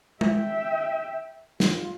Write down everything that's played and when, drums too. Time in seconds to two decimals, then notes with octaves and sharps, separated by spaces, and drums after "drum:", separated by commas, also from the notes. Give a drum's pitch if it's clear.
0.21 E5 G5, drum: tom G#3
1.60 F4, drum: snare